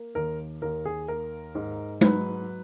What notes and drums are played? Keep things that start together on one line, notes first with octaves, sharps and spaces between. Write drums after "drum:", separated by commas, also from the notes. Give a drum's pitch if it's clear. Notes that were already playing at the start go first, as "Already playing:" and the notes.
Already playing: A#3
D#2 A#4
D#2 A#4
G#4
A#3 A#4
G#2
F#3 B4, drum: tom G#3